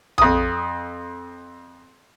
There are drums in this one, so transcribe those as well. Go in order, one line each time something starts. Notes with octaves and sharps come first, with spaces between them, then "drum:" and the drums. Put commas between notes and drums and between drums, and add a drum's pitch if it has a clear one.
F2 D#6, drum: tom A#1